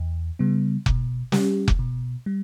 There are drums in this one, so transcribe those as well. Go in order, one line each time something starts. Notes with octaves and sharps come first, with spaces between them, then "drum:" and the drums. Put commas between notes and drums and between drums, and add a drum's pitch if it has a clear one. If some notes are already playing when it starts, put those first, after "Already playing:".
Already playing: E2
C#3 G3 B3
B2, drum: kick F1
G3 C#4 G4, drum: snare
drum: kick F1
B2
G3